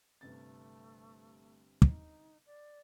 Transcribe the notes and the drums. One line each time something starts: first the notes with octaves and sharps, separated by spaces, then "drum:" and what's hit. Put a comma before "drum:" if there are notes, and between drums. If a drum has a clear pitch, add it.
G1 C3 A3 A6
D#4, drum: kick
D5